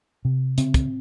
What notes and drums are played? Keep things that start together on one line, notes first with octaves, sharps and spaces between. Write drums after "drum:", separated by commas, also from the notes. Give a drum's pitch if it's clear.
C3
C#3 C4, drum: hi-hat
drum: kick, hi-hat